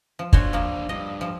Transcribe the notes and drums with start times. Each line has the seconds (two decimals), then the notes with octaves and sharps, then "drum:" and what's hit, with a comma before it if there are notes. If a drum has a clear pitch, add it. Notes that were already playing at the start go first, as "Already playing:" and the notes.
0.19 F3
0.33 D4 F4 F#4 C5 C#5, drum: kick
0.53 F3 A#3
0.89 G2 D#5
1.21 F3